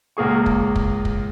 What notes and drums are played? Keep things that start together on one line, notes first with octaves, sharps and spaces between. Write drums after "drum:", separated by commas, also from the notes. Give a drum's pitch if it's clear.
C#2 A#3 G#4 C#6
drum: kick
drum: kick
drum: kick